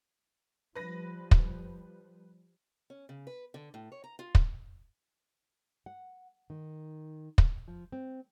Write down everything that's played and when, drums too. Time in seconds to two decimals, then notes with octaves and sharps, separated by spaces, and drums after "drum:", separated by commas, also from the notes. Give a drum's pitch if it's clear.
0.75 F3 G3 B4 A#6
1.31 drum: kick
2.90 C#4
3.09 C#3
3.27 B4
3.54 D3
3.74 A2
3.92 C#5
4.04 A#5
4.19 F4
4.35 drum: kick
5.86 F#5
6.50 D#3
7.38 drum: kick
7.68 F3
7.92 C4